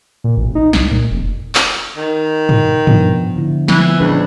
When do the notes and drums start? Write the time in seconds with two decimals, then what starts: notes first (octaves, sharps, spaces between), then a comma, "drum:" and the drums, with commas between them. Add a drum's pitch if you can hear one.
0.24 A#2
0.37 A1
0.55 D#4
0.73 C2, drum: snare
0.91 A#2
1.11 F1
1.55 drum: clap
1.97 D#3
2.49 drum: tom
2.87 F3 B3 D4, drum: tom
3.36 D3 E4
3.68 E3 F3 B3, drum: snare
4.00 C#2 A#2 D4 B4